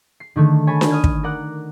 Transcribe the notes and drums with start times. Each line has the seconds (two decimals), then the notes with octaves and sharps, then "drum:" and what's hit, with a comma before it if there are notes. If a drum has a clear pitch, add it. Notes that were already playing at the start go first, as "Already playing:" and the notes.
0.20 C7
0.36 D3 D#3 A3
0.67 C#5 G#5 A5 B5
0.81 drum: snare D4
0.91 D#6 F6 G#6
1.04 drum: kick
1.23 A#4 D5 F#5